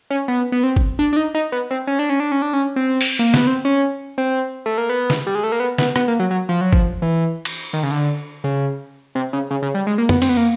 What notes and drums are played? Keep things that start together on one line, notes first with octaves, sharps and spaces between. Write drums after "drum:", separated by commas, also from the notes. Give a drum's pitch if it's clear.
C#4
B3
B3
C4
drum: kick
D4
D4
D#4
D#4
B3
C4
C#4
D4
C#4
D4
C#4
D4
C#4
C4
drum: open hi-hat
A#3
B3, drum: snare
C4
C#4
C4
A3
A#3
B3
drum: snare
G3
G#3
A3
A#3
B3
B3, drum: snare
B3, drum: rim click
A#3
F#3
F#3
F3
F#3
F3, drum: kick
E3
drum: cymbal
D#3
C#3
D3
C#3
C3
C#3
C#3
C#3
G3
G#3
A#3
B3, drum: tom
C4, drum: cymbal
B3
A#3